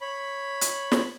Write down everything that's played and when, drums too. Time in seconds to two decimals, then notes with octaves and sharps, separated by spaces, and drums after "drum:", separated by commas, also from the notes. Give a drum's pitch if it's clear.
0.01 C#5 B5
0.61 drum: hi-hat
0.92 drum: snare